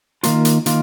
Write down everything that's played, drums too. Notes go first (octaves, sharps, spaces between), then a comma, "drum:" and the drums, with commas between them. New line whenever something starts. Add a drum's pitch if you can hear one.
D#3 A#3 F4, drum: hi-hat
drum: hi-hat
D#3 A#3 F4, drum: hi-hat